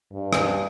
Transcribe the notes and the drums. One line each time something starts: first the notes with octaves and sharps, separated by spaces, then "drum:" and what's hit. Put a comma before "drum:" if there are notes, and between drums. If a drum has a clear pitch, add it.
G2
drum: rim click